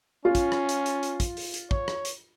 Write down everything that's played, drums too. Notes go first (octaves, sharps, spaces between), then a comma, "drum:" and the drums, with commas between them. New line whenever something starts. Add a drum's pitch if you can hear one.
C#4 F4
drum: kick, hi-hat
drum: rim click
drum: hi-hat
drum: hi-hat
drum: hi-hat
drum: kick, hi-hat
drum: open hi-hat
drum: hi-hat
C#5, drum: kick
drum: rim click
drum: hi-hat